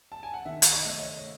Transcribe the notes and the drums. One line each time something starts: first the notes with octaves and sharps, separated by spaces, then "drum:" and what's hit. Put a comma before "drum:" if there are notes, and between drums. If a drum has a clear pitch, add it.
A5
G#5
F#5
D#3 E5
drum: hi-hat
D#5
A3 D#5
C#5